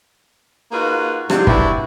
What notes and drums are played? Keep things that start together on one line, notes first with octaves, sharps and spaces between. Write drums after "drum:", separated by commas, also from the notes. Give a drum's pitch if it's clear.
A#3 D#4 F4 F#4 G#4 B4
G#2 C3 C4 D4 E4 F4, drum: rim click
B3 D4 E4 F#4 G4, drum: kick